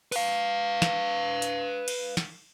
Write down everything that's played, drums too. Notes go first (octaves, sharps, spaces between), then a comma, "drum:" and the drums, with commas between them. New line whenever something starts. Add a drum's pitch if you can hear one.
B4 F5, drum: open hi-hat
drum: snare
drum: hi-hat
drum: cymbal
drum: snare